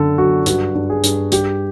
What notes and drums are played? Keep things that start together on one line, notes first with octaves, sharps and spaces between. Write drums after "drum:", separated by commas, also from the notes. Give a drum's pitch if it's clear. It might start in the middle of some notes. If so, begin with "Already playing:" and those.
Already playing: F#2 D3 A4
F#3 F#4
G2 F#4, drum: hi-hat
G2
G#4
G2, drum: hi-hat
G3 G4, drum: hi-hat